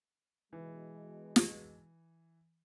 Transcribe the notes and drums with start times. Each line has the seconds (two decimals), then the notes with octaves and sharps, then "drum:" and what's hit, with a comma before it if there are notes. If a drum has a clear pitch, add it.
0.53 B2 E3 G#3
1.36 drum: snare